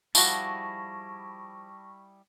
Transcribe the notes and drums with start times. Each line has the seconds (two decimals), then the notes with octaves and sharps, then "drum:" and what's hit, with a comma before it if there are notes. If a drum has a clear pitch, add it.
0.15 F3 G3 E4 F#4 G#4 A5 C#6 A#6, drum: tambourine